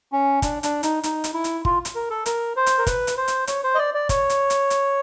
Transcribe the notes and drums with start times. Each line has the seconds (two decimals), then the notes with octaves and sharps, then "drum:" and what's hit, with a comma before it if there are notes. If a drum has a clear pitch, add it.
0.12 C#4
0.42 D4, drum: kick G1, hi-hat
0.63 D4, drum: hi-hat
0.83 D#4, drum: hi-hat
1.03 D#4, drum: hi-hat
1.24 drum: hi-hat
1.34 E4
1.44 drum: hi-hat
1.65 F4, drum: kick G1
1.85 drum: hi-hat
1.95 A#4
2.10 A4
2.26 A#4, drum: hi-hat
2.56 C5
2.66 drum: hi-hat
2.78 A#4
2.87 B4, drum: kick G1, hi-hat
3.07 drum: hi-hat
3.17 C5
3.28 drum: hi-hat
3.47 C#5, drum: hi-hat
3.64 C5
3.75 D#5
3.79 D5
3.94 D5
4.09 C#5, drum: kick G1, hi-hat
4.30 drum: hi-hat
4.50 drum: hi-hat
4.70 drum: hi-hat